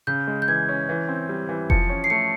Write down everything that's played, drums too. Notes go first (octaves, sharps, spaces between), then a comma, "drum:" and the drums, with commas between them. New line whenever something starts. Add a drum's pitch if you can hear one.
C#3 G6
G#3
G6
E3 G#6
C#4
E3
C4
G3
E3
F3 C#7, drum: kick F1
C#4
C7
A3 C#7